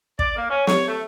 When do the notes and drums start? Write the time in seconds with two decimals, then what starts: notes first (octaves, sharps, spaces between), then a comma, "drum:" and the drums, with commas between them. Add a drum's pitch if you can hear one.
0.19 D5, drum: kick
0.36 A#3
0.50 C#4
0.67 C#5, drum: snare
0.87 A3